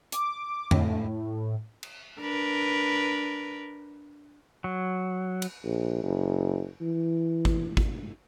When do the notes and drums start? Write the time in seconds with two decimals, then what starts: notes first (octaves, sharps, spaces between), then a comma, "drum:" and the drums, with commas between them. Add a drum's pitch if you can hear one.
0.12 D6, drum: hi-hat
0.71 A2, drum: tom F2
1.83 drum: cymbal
2.21 D4 A#4 B4
4.64 F#3
5.42 drum: cymbal
5.64 A#1
6.03 F#1
6.81 E3
7.45 drum: kick G#1
7.77 drum: kick G#1